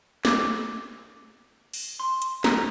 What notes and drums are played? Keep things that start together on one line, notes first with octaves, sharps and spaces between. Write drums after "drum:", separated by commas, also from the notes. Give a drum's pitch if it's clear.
D6, drum: snare
drum: open hi-hat
C6
drum: hi-hat
A#5, drum: snare